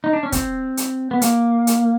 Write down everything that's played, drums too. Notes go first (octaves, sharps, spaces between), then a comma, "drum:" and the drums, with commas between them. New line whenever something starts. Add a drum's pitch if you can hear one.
D#4
D4
C#4
C4, drum: kick, hi-hat
drum: hi-hat
B3
A#3, drum: hi-hat
drum: hi-hat